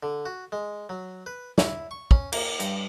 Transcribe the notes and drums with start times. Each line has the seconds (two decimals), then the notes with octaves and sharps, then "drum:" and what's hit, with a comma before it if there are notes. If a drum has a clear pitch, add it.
0.03 D3
0.26 F#4
0.52 G#3
0.89 F#3
1.26 B4
1.58 E4, drum: snare
1.91 C#6
2.11 C#4, drum: kick
2.32 A#3, drum: cymbal
2.60 G2, drum: hi-hat